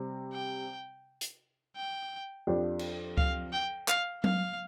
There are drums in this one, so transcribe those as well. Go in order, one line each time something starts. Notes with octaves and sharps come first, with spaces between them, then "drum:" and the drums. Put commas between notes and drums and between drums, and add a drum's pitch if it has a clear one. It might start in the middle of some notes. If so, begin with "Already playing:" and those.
Already playing: C3 G3 C4
G5
drum: hi-hat
G5
F2 F3 D4 G4
drum: cymbal
F5, drum: kick C#2
G5
F5, drum: clap
F5, drum: tom F#3